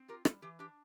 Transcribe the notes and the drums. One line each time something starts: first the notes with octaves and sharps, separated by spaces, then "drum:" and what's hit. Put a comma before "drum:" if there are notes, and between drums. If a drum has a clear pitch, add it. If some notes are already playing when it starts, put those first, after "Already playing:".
Already playing: C4
F4 G4 A#4
G3 F4 A4, drum: rim click
E3 G4
D4 G4